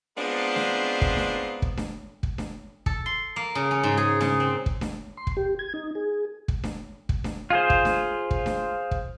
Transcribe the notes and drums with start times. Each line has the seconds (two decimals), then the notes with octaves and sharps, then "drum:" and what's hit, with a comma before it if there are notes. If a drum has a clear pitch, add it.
0.18 G#3 B3 C4 D4 D#4 F4
0.56 drum: snare D4
1.02 drum: kick
1.17 drum: snare D4
1.62 drum: kick
1.77 drum: snare D4
2.23 drum: kick
2.38 drum: snare D4
2.86 A4, drum: kick
3.06 C6
3.36 A#3
3.55 C#3
3.71 C#4
3.83 G#2
3.97 G#4
4.20 C#3, drum: snare D4
4.40 C4
4.66 drum: kick
4.81 drum: snare D4
5.17 C6
5.27 drum: kick
5.37 G4
5.59 G#6
5.74 D#4
5.95 G#4
6.48 drum: kick
6.64 drum: snare D4
7.09 drum: kick
7.24 drum: snare D4
7.50 F4 G#4 C5
7.70 drum: kick
7.85 drum: snare D4
8.31 drum: kick
8.46 drum: snare D4
8.91 drum: kick